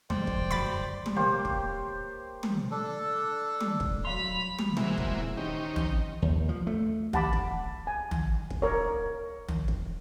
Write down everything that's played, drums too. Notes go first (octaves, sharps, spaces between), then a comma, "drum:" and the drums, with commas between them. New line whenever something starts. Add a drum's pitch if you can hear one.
F2 G#2 C3 C5 D5 G5, drum: tom
drum: kick
F#1 D2 G2 B5 A6
drum: tom
A#3 G4 C5 C#5
drum: kick
drum: tom
D4 A4
drum: tom
drum: kick
F#3 F5 B5 C6 B6 F7
drum: tom
A#2 E3 F#3 G#3 C4 E4, drum: tom
drum: kick
D#3 C4 C#4 D#4 G4
drum: tom
D#2
F3
A3
G4 F#5 A5 B5 D6, drum: tom
drum: kick
G#5
drum: tom
drum: kick
A#4 C#5
drum: tom
drum: kick